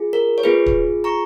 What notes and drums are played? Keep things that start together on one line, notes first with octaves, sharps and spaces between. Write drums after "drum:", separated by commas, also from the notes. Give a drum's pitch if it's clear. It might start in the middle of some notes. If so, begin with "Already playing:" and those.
Already playing: F4 G#4
A#4
C#5
B3 F4 G#4 B4
drum: kick D1
A#5 C#6